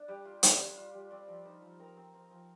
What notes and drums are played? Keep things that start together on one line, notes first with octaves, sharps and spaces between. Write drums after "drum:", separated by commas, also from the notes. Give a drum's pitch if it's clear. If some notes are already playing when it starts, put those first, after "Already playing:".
Already playing: D4 A5
G3 G5
F4
F4, drum: hi-hat
G3
F4
G3
C4 D5
F3
D#4 C5
F3
C4 A#4
C4
C4
F3